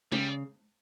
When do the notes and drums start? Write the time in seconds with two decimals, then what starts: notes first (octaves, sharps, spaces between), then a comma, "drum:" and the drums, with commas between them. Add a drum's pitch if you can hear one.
0.12 C#3 G3, drum: tom